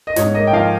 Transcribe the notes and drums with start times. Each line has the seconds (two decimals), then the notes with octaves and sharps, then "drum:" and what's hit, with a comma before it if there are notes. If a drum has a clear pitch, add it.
0.07 D#5
0.16 G#2 C#5, drum: snare
0.34 A#3 D#5
0.47 G5
0.53 F3 F5